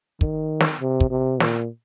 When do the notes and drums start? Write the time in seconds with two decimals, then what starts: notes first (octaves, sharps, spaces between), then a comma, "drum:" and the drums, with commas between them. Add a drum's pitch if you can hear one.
0.21 D#3, drum: kick
0.60 drum: snare
0.81 C3
1.00 drum: kick
1.10 C3
1.40 A#2, drum: snare